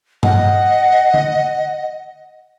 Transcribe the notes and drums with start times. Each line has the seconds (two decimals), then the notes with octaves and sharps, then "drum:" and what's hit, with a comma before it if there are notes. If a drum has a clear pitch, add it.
0.23 D#5 F#5, drum: tom G2
1.14 drum: tom